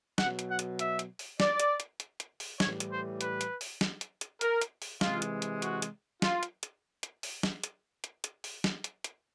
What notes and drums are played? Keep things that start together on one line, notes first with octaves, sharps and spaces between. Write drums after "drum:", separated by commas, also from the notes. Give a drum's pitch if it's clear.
B2 F#3 F#5, drum: snare
drum: hi-hat
F#5
drum: hi-hat
E5, drum: hi-hat
drum: hi-hat
drum: open hi-hat
D5, drum: snare
drum: hi-hat
drum: hi-hat
drum: hi-hat
drum: hi-hat
drum: open hi-hat
A2 E3 G3 C#5, drum: snare
drum: hi-hat
C5
B4, drum: hi-hat
drum: hi-hat
drum: open hi-hat
drum: snare
drum: hi-hat
drum: hi-hat
A#4, drum: hi-hat
drum: hi-hat
drum: open hi-hat
C3 E3 G#3 F4, drum: snare
drum: hi-hat
drum: hi-hat
F#4, drum: hi-hat
drum: hi-hat
F4, drum: snare
drum: hi-hat
drum: hi-hat
drum: hi-hat
drum: open hi-hat
drum: snare
drum: hi-hat
drum: hi-hat
drum: hi-hat
drum: open hi-hat
drum: snare
drum: hi-hat
drum: hi-hat